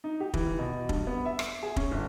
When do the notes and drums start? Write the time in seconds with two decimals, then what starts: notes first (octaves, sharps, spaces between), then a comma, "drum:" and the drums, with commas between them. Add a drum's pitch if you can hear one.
0.04 D#4
0.20 G4
0.34 E3, drum: kick
0.47 E3
0.59 B2
0.89 G2, drum: kick
1.07 B3
1.25 E5
1.39 drum: rim click
1.63 G#4
1.76 C#4, drum: kick
1.91 G1